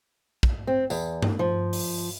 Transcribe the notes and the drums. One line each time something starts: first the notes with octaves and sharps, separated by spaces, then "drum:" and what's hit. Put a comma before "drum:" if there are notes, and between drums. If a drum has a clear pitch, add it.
drum: kick
C4
E2, drum: tambourine
drum: tom G2
F3
drum: open hi-hat